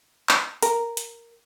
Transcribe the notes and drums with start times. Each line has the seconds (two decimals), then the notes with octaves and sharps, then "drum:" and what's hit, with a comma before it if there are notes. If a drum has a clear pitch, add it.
0.29 drum: clap
0.62 A#4, drum: hi-hat
0.97 drum: hi-hat